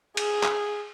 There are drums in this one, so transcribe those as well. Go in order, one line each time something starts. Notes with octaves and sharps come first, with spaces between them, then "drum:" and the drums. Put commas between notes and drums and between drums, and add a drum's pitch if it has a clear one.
G#4, drum: cymbal
drum: clap